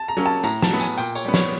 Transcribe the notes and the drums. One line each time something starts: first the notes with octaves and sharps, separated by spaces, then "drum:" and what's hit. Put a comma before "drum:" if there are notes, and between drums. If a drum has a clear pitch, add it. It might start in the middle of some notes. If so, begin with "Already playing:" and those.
Already playing: A5
A#5
F#3 A#3 C#4
A5
A2 A#5, drum: tambourine
A5, drum: snare
F#3 B3
G#5, drum: tambourine
A#2 G5, drum: tambourine
C#5, drum: tambourine
G3 B3
C#5, drum: snare